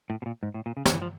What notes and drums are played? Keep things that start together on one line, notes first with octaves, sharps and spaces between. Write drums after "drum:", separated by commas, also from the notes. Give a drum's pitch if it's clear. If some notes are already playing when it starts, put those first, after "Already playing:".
A2
B2
A#2
G#2
A2
A#2
C#3
D3, drum: snare
E3
F3